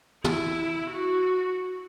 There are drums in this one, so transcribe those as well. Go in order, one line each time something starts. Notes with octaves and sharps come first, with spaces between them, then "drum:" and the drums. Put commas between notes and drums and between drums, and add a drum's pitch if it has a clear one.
E4, drum: tom
F#4